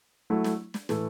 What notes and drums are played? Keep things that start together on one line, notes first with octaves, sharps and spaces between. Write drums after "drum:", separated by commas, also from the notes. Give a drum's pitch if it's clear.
F#3 A3 E4
drum: snare
drum: snare
A2 E3 A3, drum: snare